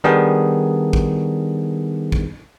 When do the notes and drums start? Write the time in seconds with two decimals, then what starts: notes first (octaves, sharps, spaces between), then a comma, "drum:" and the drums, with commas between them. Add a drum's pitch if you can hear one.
0.04 D#3 G3 B3 D4 D#4 G#4
0.93 drum: kick
2.12 drum: kick